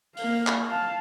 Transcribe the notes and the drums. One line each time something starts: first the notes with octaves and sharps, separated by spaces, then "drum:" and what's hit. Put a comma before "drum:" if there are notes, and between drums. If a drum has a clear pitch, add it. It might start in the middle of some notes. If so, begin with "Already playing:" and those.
A#3 F5, drum: open hi-hat
drum: clap
F5 A5